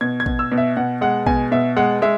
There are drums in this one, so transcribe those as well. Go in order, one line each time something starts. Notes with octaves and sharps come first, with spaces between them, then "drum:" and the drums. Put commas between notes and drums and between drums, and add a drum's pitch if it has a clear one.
B2 G#6
G#6
B2, drum: kick A1
E6
B2
E5
B2 F#5
G#3 F#5
B2 G#5, drum: kick A1
B2 E5
G#3 F#5
G#3 E5